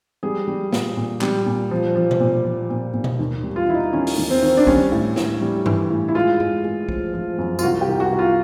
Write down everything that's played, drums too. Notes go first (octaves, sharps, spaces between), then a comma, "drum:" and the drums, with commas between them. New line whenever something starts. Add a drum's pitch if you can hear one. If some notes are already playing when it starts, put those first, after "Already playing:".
G3 G#4
G3
A#2, drum: snare
A#2
G3, drum: clap
A#2
F3
F3
drum: tom B2
A#2
F3
A#2
A#2
drum: tom B2
D#2
G3
F4
D#3 E4
D#4
D#3 C#4
drum: open hi-hat
D#2
C4
D#3
D4
G3 C#4, drum: kick
A2
A2, drum: snare
G3
E3, drum: tom G2
A2
E4
G#3 F4
G#3, drum: tom G2
G#3
F3, drum: kick
F3
F#2
F4, drum: tambourine
C2 F#4
G4
C2
F#4
C2
F4